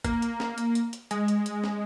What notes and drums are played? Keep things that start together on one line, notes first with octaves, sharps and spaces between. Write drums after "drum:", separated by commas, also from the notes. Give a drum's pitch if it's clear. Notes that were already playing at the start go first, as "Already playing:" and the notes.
A#3, drum: kick, hi-hat
drum: hi-hat
drum: snare
drum: hi-hat
drum: hi-hat
drum: hi-hat
G#3, drum: hi-hat
drum: hi-hat
drum: hi-hat
drum: snare